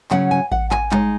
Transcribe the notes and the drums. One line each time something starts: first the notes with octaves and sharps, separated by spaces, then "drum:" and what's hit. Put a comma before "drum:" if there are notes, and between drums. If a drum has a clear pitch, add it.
C#3 F#3 C#4 F#5, drum: clap
G#5
F#5, drum: kick A1
G#5, drum: clap
C#3 G#3 D#4, drum: clap